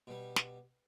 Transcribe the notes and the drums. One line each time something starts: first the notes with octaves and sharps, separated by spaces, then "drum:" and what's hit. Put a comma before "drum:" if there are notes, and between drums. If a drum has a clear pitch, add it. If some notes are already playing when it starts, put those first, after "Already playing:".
B2 G3
drum: snare